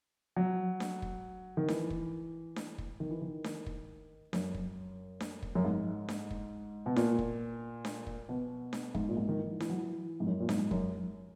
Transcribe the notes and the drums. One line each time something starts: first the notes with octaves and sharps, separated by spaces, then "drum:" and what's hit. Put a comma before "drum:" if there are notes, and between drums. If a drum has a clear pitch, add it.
F#3
drum: snare D4
drum: kick
D#3
E3, drum: snare D4
drum: kick
drum: snare D4
drum: kick
D#3
E3
D#3
drum: snare D4
drum: kick
F#2, drum: snare D4
drum: kick
drum: snare D4
drum: kick
F#2
G#2
drum: snare D4
drum: kick
B2
A#2, drum: snare D4
drum: kick
drum: snare D4
drum: kick
B2
drum: snare D4
G#2, drum: kick
A#2
G#2
D#3
E3
E3, drum: snare D4
F#3
E3
G#2
F#2
A#2
G#2, drum: snare D4
F#2, drum: kick